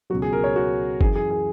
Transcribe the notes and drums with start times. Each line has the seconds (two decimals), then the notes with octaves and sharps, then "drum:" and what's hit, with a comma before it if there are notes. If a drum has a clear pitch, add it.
0.10 C#2 B2 F#3 F#4
0.22 G#4
0.33 A#4
0.44 C#5
0.56 F#4
1.01 F#2 E3 G#4, drum: kick G1
1.16 G#4
1.30 G#4